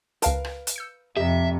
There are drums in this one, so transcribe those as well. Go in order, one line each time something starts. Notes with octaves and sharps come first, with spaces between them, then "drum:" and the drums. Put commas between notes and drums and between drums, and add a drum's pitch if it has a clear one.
C#2 A#4 B4 F5 A5, drum: hi-hat
drum: rim click
drum: hi-hat
E6 G6 C#7
F2 C3 G4 D#5 E5